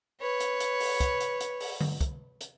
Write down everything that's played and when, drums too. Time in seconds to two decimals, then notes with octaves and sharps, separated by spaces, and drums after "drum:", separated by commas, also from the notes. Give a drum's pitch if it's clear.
0.20 B4 C#5
0.40 drum: hi-hat
0.60 drum: hi-hat
0.80 drum: open hi-hat
1.00 drum: kick, hi-hat
1.20 drum: hi-hat
1.40 drum: hi-hat
1.60 drum: open hi-hat
1.81 drum: tom D3
2.01 drum: kick, hi-hat
2.41 drum: hi-hat